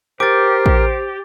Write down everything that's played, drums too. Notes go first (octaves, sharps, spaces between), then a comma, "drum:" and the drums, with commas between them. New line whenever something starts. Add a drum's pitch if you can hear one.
G4 A#4 C5 D6 A6
drum: kick